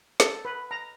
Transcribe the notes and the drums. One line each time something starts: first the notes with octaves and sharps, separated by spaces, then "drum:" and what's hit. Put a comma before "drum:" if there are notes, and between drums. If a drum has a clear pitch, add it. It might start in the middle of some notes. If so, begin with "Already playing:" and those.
A4, drum: snare
B4
A#5